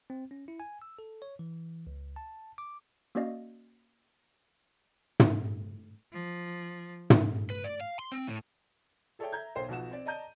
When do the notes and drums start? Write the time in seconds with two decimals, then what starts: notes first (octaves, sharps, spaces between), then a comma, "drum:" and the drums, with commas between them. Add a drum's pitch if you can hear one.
0.10 C4
0.31 C#4
0.48 E4
0.60 G#5
0.82 E6
0.99 A4
1.22 C#5
1.39 E3
1.87 C#2
2.16 A5
2.58 D6
3.15 A#3 C#4 F#4 D5 D#5 F5
5.20 drum: tom
6.12 F3
7.10 drum: tom
7.50 B4
7.64 D5
7.81 F5
7.99 C6
8.12 C4
8.27 A2
9.19 G#4 A4 C#5 D5 E5 G5
9.32 E5 A#5 G6 G#6
9.55 B1 C5 G5
9.69 B1 B2 F3 F#5 E7
9.91 C4 D5
10.06 D5 D#5 A5 A#5 G6 D#7